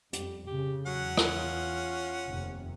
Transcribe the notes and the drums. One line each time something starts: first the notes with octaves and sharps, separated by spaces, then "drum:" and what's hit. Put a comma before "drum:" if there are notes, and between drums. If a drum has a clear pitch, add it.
F2 G3 G4, drum: hi-hat
C#3 G4
E2 F#3 C#4 F#5
drum: rim click
F4
F1 D#2 C3